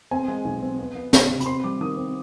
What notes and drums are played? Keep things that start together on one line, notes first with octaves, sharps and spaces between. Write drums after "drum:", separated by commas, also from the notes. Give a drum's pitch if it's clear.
C4 G#5
G#3
B1
C4
B3
B3
B3, drum: snare
C3
B5, drum: hi-hat
C4 C6
G3 D6
D#3 D#6
C4